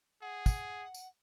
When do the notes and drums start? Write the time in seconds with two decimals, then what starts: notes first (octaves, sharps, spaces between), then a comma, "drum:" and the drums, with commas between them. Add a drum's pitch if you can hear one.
0.22 G#4 F#5
0.46 drum: kick, tambourine
0.94 drum: tambourine